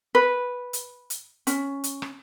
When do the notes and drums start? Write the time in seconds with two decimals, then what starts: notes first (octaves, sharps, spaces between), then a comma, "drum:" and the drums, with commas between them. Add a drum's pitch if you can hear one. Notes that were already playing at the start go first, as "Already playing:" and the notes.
0.15 B4
0.73 drum: hi-hat
1.10 drum: hi-hat
1.47 C#4, drum: hi-hat
1.84 drum: hi-hat
2.02 drum: rim click